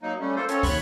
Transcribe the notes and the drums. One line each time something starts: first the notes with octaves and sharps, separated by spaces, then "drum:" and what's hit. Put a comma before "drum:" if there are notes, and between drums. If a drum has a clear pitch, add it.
F#3 A#3 D#4
G3 A3 C#4
A#3 F4 A4 C5
C4 C#4 F4 A4 C#5, drum: hi-hat
D#2 C#5 B5 F#6, drum: kick, open hi-hat